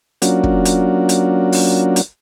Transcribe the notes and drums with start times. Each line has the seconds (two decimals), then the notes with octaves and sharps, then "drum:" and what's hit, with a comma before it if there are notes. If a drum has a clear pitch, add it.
0.22 F#3 A#3 C#4 D4 F4 F#4, drum: hi-hat
0.44 drum: kick
0.65 drum: hi-hat
1.09 drum: hi-hat
1.52 drum: open hi-hat
1.96 drum: hi-hat